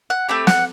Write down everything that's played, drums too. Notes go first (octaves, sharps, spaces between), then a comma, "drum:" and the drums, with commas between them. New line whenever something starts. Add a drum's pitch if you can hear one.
F#5
A3 C4 G4 B5
F#5, drum: snare